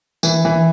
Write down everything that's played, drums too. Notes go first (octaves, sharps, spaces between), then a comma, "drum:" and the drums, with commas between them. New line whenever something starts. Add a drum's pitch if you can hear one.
E3, drum: tambourine
E3